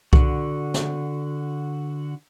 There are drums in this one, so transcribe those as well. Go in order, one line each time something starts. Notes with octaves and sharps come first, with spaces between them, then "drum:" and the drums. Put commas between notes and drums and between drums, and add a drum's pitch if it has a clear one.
D3 F#4, drum: kick C2
drum: snare